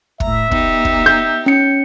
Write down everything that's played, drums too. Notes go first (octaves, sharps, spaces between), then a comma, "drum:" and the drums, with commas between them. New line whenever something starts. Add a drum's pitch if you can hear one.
A2 E5 A#5, drum: kick
B3 D#4 G4, drum: kick
drum: kick
G6
C#4 C#7